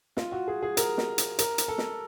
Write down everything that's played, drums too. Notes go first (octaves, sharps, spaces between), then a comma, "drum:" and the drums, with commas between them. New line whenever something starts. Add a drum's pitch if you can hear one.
F4, drum: snare
F#4
G#4
G#4
A#4, drum: hi-hat
drum: snare
drum: hi-hat
A#4, drum: hi-hat
drum: hi-hat
A4
drum: snare